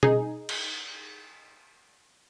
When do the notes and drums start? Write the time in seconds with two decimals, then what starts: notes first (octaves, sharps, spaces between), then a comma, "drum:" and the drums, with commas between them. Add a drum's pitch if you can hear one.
0.03 D#4 G#4, drum: tom B2
0.49 drum: cymbal